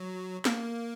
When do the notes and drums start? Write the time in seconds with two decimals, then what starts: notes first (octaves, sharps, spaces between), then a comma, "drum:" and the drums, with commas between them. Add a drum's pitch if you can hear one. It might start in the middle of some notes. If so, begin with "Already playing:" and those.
Already playing: F#3
0.45 A#3, drum: snare